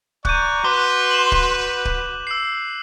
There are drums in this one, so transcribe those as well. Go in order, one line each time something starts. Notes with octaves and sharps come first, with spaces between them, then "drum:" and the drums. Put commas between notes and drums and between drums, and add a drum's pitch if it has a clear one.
D5 A#5 C#6 F#6 G6 D#7, drum: kick D1
F#4 B4 C6 D6
E7 F#7
drum: kick D1
drum: kick D1
E6 C7